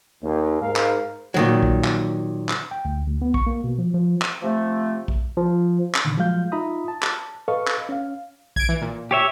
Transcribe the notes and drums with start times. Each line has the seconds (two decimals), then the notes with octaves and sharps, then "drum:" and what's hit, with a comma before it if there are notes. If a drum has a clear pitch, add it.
0.22 D#2
0.61 G#2 A#4 F5
0.76 drum: clap
1.34 A#2 D#3 F#3
1.63 drum: kick
1.84 drum: clap
2.49 drum: clap
2.71 G5
2.85 D2
3.07 D2
3.22 B3
3.34 C#6, drum: kick
3.47 A#3
3.64 B2
3.79 F3
3.94 F3
4.22 drum: clap
4.43 C3 F3 A3
5.08 drum: kick
5.37 F3
5.95 drum: clap
6.05 A#2 D3 D#3
6.17 F3 F#3 G#3 F5 G6
6.52 D#4 F4 E5 A#5 B5 D#6
6.88 A5
7.03 drum: clap
7.48 A4 B4 D#5 F5 C#6
7.67 drum: clap
7.89 C#4 F5
8.56 G#6 D7, drum: kick
8.69 E3
8.81 A#2
9.11 G4 C#5 E5